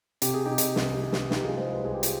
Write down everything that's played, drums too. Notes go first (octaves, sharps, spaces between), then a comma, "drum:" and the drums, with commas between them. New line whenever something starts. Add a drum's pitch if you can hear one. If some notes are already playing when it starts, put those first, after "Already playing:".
C3 G4, drum: hi-hat
G#4
C3 D#4 G4
drum: hi-hat
C2, drum: snare
D#3
drum: snare
C2 D#4 G4, drum: snare
F4 G#4
G#3 G#4 C5
G4 B4
C2 G#4
G4
F4 G#4, drum: hi-hat